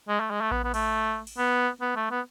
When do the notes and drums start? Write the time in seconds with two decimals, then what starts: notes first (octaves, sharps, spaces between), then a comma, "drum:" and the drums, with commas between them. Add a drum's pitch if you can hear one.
0.09 G#3
0.20 A3
0.30 G#3
0.41 A3
0.51 B3, drum: kick A1
0.64 B3
0.74 A3, drum: cymbal
1.27 drum: cymbal
1.38 B3
1.81 B3
1.96 A3
2.11 B3